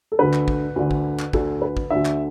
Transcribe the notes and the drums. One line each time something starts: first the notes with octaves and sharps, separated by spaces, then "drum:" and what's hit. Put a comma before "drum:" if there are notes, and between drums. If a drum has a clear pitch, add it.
A4
D2 D3 B4
drum: clap
drum: kick
D2 D3
drum: kick
drum: clap
D2 D3 A4, drum: kick
B4
drum: kick
D2 D3 E5
drum: clap